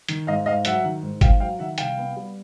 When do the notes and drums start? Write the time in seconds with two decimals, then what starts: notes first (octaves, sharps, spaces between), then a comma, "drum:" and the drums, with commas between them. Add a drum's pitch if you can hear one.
0.08 D#3, drum: hi-hat
0.27 G#2 D#5 F5
0.46 G#2 D#5 F5
0.65 F#3 E5 F#5, drum: hi-hat
0.84 D#3
1.03 G#2
1.21 G#2 F5 G5, drum: kick G1, hi-hat
1.40 F#3 F5 G5
1.59 D#3 E5 F#5
1.78 C2 F5 G5, drum: hi-hat
1.98 B3
2.16 G3